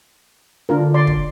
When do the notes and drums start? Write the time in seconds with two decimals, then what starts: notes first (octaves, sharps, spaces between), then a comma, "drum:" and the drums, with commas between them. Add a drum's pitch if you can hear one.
0.69 D3 D4 F4 A#4
0.94 D5 C6
1.07 drum: kick